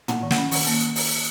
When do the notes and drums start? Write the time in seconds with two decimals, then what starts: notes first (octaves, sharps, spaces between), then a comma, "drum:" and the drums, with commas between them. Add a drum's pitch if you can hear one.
0.08 A#3 F#5, drum: tom
0.23 D#3
0.31 F#5, drum: snare
0.38 C#4
0.51 D#3 F#5, drum: open hi-hat
0.67 A#3
0.95 drum: open hi-hat